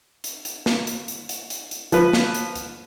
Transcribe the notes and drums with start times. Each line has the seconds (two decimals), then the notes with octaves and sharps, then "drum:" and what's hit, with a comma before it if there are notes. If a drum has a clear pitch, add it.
0.24 drum: hi-hat
0.45 drum: hi-hat
0.66 drum: snare
0.87 drum: hi-hat
1.08 drum: hi-hat
1.29 drum: hi-hat
1.50 drum: hi-hat
1.71 drum: hi-hat
1.92 F3 B4, drum: hi-hat
2.13 drum: snare
2.34 drum: hi-hat
2.55 drum: hi-hat